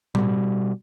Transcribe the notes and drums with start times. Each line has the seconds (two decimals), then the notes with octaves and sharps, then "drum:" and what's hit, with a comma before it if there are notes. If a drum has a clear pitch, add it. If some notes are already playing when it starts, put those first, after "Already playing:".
0.15 B2 G3, drum: tom A2